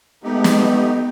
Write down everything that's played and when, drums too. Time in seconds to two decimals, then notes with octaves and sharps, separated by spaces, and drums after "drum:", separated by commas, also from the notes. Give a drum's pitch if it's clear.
0.24 G#3 A3 B3 D#4 G4
0.44 drum: snare